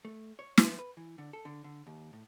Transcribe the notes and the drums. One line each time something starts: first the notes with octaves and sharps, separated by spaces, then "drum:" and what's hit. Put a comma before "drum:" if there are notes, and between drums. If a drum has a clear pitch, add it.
A3
C#5
B3, drum: snare
B4
E3
D3
A4
D3
D3
D#2
A2